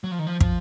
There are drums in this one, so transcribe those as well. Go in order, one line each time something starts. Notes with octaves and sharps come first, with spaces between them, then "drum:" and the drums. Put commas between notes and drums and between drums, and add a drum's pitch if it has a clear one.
F#3
F3
D#3
F3
F3, drum: kick